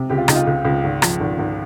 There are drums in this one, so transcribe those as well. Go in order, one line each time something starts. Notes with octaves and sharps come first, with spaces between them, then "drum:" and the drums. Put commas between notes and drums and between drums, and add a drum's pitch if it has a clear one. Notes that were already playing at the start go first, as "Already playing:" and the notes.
Already playing: C3
C#2 G4
F4
C#2 D#4, drum: rim click
F4
C#2
C#2
G#1
F3, drum: rim click
G#1
G#1